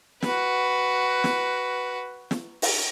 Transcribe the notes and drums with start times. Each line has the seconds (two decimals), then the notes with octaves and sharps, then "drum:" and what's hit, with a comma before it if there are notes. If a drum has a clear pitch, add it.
0.23 F#4 B4, drum: snare
1.24 drum: snare
2.31 drum: snare
2.62 drum: open hi-hat